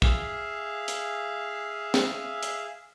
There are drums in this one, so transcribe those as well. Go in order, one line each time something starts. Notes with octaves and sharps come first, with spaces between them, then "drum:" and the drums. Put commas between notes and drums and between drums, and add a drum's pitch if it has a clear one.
G#4 E5 F5, drum: kick
drum: hi-hat
drum: snare
drum: hi-hat